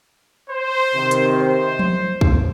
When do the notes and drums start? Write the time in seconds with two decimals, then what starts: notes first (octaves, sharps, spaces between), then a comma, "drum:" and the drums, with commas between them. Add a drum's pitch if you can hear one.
0.48 C5
0.94 C3 D#3
1.11 drum: hi-hat
1.39 C5
1.79 drum: tom F3
2.21 drum: kick